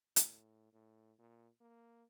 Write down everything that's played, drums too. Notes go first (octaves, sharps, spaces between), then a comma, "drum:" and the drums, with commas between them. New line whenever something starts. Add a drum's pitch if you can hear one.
A2, drum: hi-hat
A2
A#2
A#3